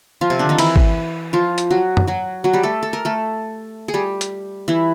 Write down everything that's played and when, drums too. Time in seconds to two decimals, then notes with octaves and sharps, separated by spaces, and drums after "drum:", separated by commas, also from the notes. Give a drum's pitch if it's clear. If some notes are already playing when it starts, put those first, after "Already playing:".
0.21 F3 F4
0.30 C3 C4
0.39 D3 D4
0.49 D#3 D#4
0.58 E3 E4, drum: cymbal
0.76 drum: kick G#1
1.33 F3 F4
1.58 drum: hi-hat
1.71 F#3 F#4
1.97 drum: tom
2.07 F#3 F#4
2.44 F#3 F#4
2.53 G3 G4
2.63 A3 A4
2.83 A4
2.93 A#4
3.05 A3 A4
3.88 G#4
3.94 G3 G4
4.21 drum: hi-hat
4.68 E3 E4